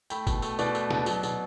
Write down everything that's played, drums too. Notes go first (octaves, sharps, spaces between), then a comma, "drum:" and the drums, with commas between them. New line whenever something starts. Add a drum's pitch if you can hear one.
A3 G5 B5, drum: tambourine
B2, drum: kick F#1, tambourine
A3, drum: tambourine
B2 B4 D5, drum: tambourine
A3, drum: tambourine
B2, drum: snare
F#3, drum: tambourine
B2, drum: tambourine